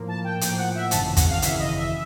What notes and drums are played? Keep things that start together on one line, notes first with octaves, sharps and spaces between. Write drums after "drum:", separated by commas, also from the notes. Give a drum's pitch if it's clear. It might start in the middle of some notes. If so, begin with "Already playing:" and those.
Already playing: A2 F3 A#3
A5
G5
A2 F3 A#3 G5, drum: hi-hat
F#5
E5
G#1 F#2 C#3 E3 A5, drum: hi-hat
F#5, drum: kick, hi-hat
F5
G#1 F#2 C#3 E3 E5, drum: hi-hat
D#5
E5